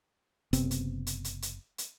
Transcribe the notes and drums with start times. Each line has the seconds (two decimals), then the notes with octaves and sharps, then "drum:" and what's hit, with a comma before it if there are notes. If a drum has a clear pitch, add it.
0.53 F#1 C3 B3 C4, drum: hi-hat
0.71 drum: hi-hat
1.07 drum: hi-hat
1.24 drum: hi-hat
1.42 drum: hi-hat
1.78 drum: hi-hat